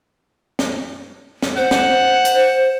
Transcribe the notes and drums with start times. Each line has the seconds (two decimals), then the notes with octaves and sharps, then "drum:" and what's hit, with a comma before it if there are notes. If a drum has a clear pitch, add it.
0.59 drum: snare
1.43 drum: snare
1.57 C5 F#5
1.71 drum: snare
2.25 drum: hi-hat